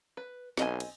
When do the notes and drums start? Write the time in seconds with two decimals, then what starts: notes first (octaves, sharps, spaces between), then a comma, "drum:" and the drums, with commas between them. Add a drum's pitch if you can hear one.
0.17 B4
0.57 B1 C4 D#5 G#5, drum: snare
0.80 drum: cymbal